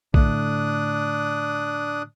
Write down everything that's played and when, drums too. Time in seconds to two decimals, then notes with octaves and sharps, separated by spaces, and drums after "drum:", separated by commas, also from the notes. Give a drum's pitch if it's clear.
0.14 A2 D3 A3 D4 D#6 F#6, drum: kick